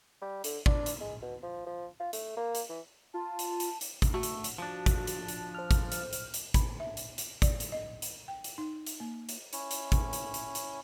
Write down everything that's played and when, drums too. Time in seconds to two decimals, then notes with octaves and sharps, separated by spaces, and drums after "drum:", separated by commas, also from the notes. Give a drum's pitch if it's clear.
0.22 G3
0.44 D3, drum: hi-hat
0.66 D4, drum: kick
0.86 drum: hi-hat
1.01 G#3
1.22 B2
1.43 F3
1.67 F3
2.00 F4
2.13 A3, drum: hi-hat
2.37 A#3
2.55 drum: hi-hat
2.69 E3
3.14 F4 A5
3.39 drum: hi-hat
3.60 drum: hi-hat
3.81 drum: hi-hat
4.02 drum: kick, hi-hat
4.14 A3 F#4
4.23 drum: hi-hat
4.44 drum: hi-hat
4.58 F3 D4
4.86 drum: kick, hi-hat
5.07 drum: hi-hat
5.28 drum: hi-hat
5.55 C5 F6
5.71 drum: kick, hi-hat
5.92 drum: hi-hat
6.13 drum: hi-hat
6.34 drum: hi-hat
6.54 B5, drum: kick, hi-hat
6.80 E5
6.97 drum: hi-hat
7.18 drum: hi-hat
7.42 D5, drum: kick, hi-hat
7.60 drum: hi-hat
7.72 D#5
8.02 drum: hi-hat
8.28 G5
8.44 drum: hi-hat
8.58 D#4
8.87 drum: hi-hat
9.00 A#3
9.29 drum: hi-hat
9.53 C#4 E4 C#5, drum: hi-hat
9.71 drum: hi-hat
9.92 drum: kick, hi-hat
10.13 drum: hi-hat
10.34 drum: hi-hat
10.55 drum: hi-hat